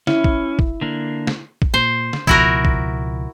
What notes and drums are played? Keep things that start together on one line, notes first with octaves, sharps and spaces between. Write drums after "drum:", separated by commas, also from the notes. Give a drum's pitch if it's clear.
C#4 E4, drum: snare
drum: kick
drum: kick
D3 A#3 D4
drum: snare
drum: kick
A#2 C5
drum: snare
C#2 B2 F3 E4 F#4 A#4, drum: kick
drum: kick